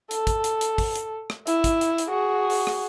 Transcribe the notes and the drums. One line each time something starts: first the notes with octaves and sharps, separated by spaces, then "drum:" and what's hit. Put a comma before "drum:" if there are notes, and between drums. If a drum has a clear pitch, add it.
A4, drum: hi-hat
drum: kick, hi-hat
drum: hi-hat
drum: hi-hat
drum: kick, open hi-hat
drum: hi-hat
drum: rim click
E4, drum: hi-hat
drum: kick, hi-hat
drum: hi-hat
drum: hi-hat
F#4 G#4
drum: open hi-hat
drum: rim click